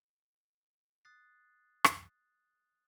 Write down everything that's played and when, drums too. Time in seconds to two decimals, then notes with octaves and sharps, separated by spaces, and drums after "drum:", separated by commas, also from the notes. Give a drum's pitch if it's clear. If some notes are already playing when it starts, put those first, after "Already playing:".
1.05 D#6 F#6 A6 C7
1.84 drum: rim click